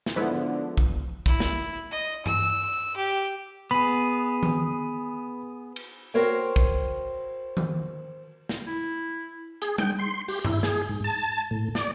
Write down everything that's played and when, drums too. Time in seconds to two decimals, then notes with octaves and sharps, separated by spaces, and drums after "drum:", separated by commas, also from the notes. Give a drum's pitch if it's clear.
0.06 drum: snare
0.16 G#2 D3 F3 B3 E4
0.78 drum: kick
1.26 E4, drum: kick
1.40 drum: snare
1.91 D#5
2.26 E6, drum: tom G2
2.97 G4
3.71 B3 G#4 B5
4.43 drum: tom D#3
5.76 drum: cymbal
6.14 F#4 A#4 C5 C#5 G5
6.56 drum: kick
7.57 drum: tom D#3
8.49 drum: snare
8.67 E4
9.62 G#4, drum: hi-hat
9.78 G5, drum: tom G3
9.99 C6
10.28 G4, drum: open hi-hat
10.45 E4, drum: tom G2
10.63 G#4, drum: snare
10.89 G#2
11.04 A5
11.51 A2
11.75 D5, drum: snare